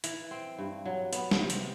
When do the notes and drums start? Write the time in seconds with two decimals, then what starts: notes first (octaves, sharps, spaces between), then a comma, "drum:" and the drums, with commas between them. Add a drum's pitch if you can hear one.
0.04 E3, drum: hi-hat
0.31 C4
0.58 G2
0.85 F#3
1.13 B3, drum: hi-hat
1.31 drum: snare
1.41 C3
1.50 drum: hi-hat